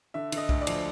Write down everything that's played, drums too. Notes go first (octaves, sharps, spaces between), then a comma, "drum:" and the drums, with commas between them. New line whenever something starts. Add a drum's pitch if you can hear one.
D3 E5
D3, drum: cymbal
D#5
D2, drum: kick B1
D5
F3, drum: cymbal